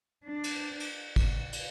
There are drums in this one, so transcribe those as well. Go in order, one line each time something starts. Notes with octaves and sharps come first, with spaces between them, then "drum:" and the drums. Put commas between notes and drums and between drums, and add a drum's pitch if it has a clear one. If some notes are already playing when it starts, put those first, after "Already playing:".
D4
drum: cymbal
drum: cymbal
drum: kick, cymbal
drum: cymbal